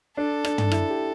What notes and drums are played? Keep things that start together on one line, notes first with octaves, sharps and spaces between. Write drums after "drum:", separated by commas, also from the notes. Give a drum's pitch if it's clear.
D4 A4
D4, drum: rim click
drum: tom
E4, drum: rim click
G4